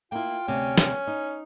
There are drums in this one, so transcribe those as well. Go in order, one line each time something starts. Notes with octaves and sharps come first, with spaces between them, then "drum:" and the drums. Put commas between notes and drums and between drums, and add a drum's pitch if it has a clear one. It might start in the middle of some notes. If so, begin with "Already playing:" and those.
A#3 E4 F4 G5
D2 C3 C#4
drum: snare
D#4